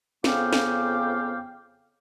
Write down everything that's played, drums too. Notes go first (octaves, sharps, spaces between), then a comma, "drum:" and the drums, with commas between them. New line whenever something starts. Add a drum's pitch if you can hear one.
F2 C#3 B3 F5 G5 D6, drum: snare
drum: snare